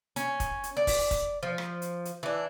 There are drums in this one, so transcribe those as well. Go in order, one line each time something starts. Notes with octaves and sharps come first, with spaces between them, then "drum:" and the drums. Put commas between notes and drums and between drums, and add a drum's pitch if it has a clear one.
C#4, drum: hi-hat
drum: kick, hi-hat
drum: hi-hat
D5
drum: kick, open hi-hat
drum: kick, hi-hat
F3
drum: rim click
drum: hi-hat
drum: hi-hat
E3 D4